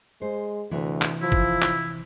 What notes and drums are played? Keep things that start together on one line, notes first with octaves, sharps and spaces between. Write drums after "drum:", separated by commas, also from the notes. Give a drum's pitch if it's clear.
G#3 C5
D2 C3 E3
drum: clap
F3 E4
drum: kick
drum: clap